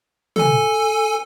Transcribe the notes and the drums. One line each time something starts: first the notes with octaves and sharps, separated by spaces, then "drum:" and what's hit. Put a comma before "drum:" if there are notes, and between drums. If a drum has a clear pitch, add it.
A4 G#5, drum: tom